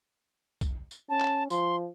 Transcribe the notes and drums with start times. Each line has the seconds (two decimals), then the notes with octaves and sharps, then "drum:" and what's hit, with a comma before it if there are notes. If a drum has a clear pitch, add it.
0.61 drum: kick, tambourine
0.91 drum: tambourine
1.09 C#4 A5
1.21 drum: clap
1.50 F3 C6, drum: tambourine